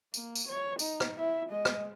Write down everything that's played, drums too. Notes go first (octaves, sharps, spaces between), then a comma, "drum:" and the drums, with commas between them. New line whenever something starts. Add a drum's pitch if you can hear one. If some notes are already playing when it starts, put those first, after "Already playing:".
A#3, drum: tambourine
drum: tambourine
C#5
D#4, drum: tambourine
drum: rim click
E4 E5
G#3 D#5
drum: rim click